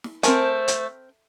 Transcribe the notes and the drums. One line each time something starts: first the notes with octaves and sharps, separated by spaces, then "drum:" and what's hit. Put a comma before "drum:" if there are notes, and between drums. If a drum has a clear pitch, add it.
drum: snare
A3 C4 A#4 C5 G#5, drum: hi-hat
drum: hi-hat